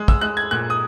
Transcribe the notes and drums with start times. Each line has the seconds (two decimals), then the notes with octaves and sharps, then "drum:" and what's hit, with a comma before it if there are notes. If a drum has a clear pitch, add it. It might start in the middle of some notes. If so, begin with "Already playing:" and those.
Already playing: G#3
0.08 E6, drum: kick
0.21 G#3 F#6
0.37 G#6
0.51 A#2 F#6
0.70 D#6